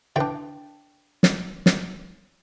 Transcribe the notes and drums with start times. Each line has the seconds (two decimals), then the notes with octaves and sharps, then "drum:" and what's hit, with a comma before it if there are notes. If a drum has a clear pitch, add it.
0.16 D3 E3 D4 G5
1.23 drum: snare
1.66 drum: snare